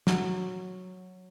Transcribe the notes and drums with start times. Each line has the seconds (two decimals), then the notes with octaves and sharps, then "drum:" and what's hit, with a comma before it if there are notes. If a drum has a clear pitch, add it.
0.07 F#3, drum: snare